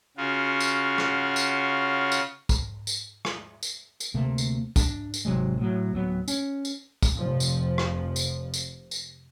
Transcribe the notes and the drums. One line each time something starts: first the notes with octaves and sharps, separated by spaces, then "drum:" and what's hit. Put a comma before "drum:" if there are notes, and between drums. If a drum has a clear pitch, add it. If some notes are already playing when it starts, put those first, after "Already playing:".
C#3 F4 F#4
drum: tambourine
drum: rim click
drum: tambourine
drum: tambourine
drum: kick, tambourine
drum: tambourine
drum: rim click
drum: tambourine
drum: tambourine
D2 C3 A3 A#3
drum: tambourine
D4, drum: kick, tambourine
drum: tambourine
G#1 C3 F#3 G#3
A2 F#3
D1 F#3 B3
C#4, drum: tambourine
drum: tambourine
drum: kick, tambourine
F1 F3
drum: tambourine
drum: rim click
drum: tambourine
drum: tambourine
drum: tambourine